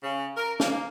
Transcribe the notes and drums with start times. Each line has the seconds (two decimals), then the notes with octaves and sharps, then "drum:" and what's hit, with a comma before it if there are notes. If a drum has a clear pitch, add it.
0.03 C#3
0.37 A#4
0.60 A#3, drum: snare